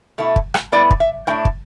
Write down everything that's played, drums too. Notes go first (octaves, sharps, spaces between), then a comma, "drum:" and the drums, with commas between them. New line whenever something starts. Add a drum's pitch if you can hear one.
B2 A3 E4
drum: kick
drum: rim click
A2 G3 B3 E4 D5
drum: kick
E5
A2 A3 D4 G5
drum: kick